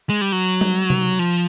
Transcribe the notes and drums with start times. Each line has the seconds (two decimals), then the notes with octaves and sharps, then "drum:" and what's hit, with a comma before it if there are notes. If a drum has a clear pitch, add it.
0.10 G#3
0.21 G3
0.32 F#3
0.61 drum: tom G3
0.90 drum: tom C3
1.19 F3